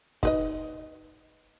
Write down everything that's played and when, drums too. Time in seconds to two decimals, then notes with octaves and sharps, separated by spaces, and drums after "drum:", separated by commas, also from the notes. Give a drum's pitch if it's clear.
0.23 D#4 B4 D#5, drum: kick